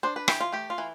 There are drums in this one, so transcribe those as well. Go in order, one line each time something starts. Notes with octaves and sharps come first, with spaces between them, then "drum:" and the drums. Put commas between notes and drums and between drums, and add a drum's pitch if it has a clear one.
D4 C5
B4
E3 G4, drum: rim click
F4
A3 G4
F4
E3